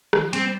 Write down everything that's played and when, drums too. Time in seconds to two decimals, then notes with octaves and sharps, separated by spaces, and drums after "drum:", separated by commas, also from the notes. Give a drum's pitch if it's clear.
0.13 D#3, drum: rim click
0.23 F3
0.33 G3 C4, drum: hi-hat